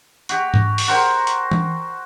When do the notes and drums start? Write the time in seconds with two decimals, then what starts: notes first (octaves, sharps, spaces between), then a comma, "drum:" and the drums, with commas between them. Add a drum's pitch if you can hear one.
0.29 F#4 G4, drum: hi-hat
0.54 drum: tom G#2
0.78 drum: open hi-hat
0.88 F#4 A#4 C5 G5
1.27 drum: hi-hat
1.51 drum: tom E3